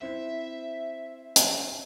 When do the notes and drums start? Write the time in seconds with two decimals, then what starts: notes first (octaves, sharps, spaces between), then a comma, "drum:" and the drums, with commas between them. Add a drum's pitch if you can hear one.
0.02 C4 E4 C5 E5
1.36 drum: hi-hat